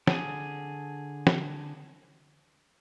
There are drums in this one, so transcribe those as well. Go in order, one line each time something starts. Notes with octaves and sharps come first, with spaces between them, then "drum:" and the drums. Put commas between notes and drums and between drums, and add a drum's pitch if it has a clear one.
D3 G#4, drum: snare
drum: snare